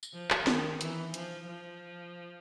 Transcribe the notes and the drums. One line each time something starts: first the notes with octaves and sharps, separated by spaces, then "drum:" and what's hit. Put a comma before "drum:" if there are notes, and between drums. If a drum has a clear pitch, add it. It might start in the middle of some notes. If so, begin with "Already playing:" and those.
drum: tambourine
F3
drum: clap
D#3, drum: snare
E3, drum: hi-hat
F3, drum: hi-hat
F3